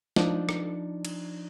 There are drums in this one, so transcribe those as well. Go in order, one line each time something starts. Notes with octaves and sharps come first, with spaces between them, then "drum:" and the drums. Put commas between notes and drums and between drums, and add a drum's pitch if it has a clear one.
F3 D4 D#4 D5, drum: snare
drum: rim click
drum: cymbal